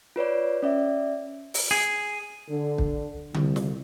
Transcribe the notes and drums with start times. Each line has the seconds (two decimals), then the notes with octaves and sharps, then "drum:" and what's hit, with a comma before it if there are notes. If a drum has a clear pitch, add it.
0.16 F4 B4 C#5 D5
0.62 C#4 D5 E5
1.54 drum: open hi-hat
1.71 G#4
2.50 D3
2.78 drum: kick
3.34 C2, drum: tom D3
3.56 drum: snare